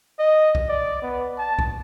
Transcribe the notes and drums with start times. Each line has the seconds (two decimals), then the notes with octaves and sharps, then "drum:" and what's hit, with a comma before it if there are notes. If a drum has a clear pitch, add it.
0.19 D#5
0.55 drum: kick B1
0.68 D5
1.02 B3
1.38 A5
1.59 drum: kick B1